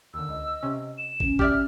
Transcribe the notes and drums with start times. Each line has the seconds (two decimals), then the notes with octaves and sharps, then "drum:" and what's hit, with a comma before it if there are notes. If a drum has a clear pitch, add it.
0.14 D#2 D3 E6
0.29 C#2 D#5
0.63 C3 C#4
0.98 E7
1.20 C#4, drum: kick
1.39 G4 D5 E5 F6, drum: kick